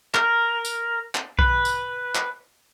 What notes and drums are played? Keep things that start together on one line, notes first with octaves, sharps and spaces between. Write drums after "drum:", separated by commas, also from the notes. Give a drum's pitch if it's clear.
A#4, drum: clap
drum: tambourine
drum: clap
B4, drum: kick B1
drum: tambourine
drum: clap